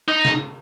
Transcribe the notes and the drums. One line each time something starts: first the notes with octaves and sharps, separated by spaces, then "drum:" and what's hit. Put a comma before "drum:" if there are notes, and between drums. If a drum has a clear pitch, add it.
D#4
drum: snare